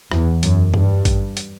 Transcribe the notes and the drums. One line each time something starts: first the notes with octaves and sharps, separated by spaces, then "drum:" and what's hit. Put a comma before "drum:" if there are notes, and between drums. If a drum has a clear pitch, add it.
E2, drum: rim click
F#2, drum: hi-hat
G2, drum: tom
drum: kick, hi-hat
drum: hi-hat